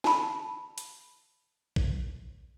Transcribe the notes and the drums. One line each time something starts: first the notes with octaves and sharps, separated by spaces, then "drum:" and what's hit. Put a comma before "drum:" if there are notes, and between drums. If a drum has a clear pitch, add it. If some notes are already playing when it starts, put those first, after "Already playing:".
A5 B5, drum: snare
drum: hi-hat
drum: kick A#1